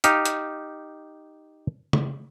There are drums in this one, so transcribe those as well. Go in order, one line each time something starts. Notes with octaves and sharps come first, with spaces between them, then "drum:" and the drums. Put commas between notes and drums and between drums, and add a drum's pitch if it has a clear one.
D#4 G4 F5, drum: hi-hat
drum: hi-hat
drum: tom